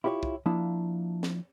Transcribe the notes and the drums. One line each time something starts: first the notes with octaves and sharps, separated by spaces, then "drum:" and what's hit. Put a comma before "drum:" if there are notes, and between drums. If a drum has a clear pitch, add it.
E4 F4 G4 B4 C#5
drum: kick
F3 A#3 D4 E4
drum: snare